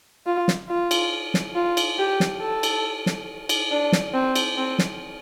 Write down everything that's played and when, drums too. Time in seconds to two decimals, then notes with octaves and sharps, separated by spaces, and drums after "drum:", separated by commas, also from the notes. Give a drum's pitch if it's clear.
0.27 F4
0.48 drum: snare
0.69 F4
0.91 drum: cymbal
1.34 drum: snare
1.55 F4
1.77 drum: cymbal
1.99 G4
2.20 drum: snare
2.41 A4
2.63 drum: cymbal
3.06 drum: snare
3.49 drum: cymbal
3.71 D4
3.92 drum: snare
4.14 C4
4.36 drum: cymbal
4.57 C4
4.79 drum: snare